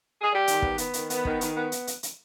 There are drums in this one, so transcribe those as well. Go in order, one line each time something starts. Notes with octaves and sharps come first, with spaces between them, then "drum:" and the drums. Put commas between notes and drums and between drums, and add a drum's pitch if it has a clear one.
G#4
G3 G4
D#3, drum: hi-hat
B3, drum: kick
B3, drum: hi-hat
D#3, drum: hi-hat
B3, drum: hi-hat
D#3, drum: kick
D#3, drum: hi-hat
B3
drum: hi-hat
drum: hi-hat
drum: hi-hat